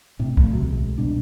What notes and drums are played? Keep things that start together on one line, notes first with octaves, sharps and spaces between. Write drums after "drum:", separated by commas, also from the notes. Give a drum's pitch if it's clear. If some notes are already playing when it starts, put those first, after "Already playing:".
A2 C3
F3 A3, drum: kick
D2 A2 C3 F#3
B1 G#3
E1 C2 B2 D4